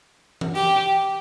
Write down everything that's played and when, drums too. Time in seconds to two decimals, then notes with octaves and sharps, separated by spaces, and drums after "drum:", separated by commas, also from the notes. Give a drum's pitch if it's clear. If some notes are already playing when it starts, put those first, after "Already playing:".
0.41 drum: tom E3
0.55 G4, drum: open hi-hat